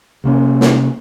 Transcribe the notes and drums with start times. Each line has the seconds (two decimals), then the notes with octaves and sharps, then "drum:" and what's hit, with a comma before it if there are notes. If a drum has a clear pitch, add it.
0.24 C3 A#3 C#4
0.61 drum: snare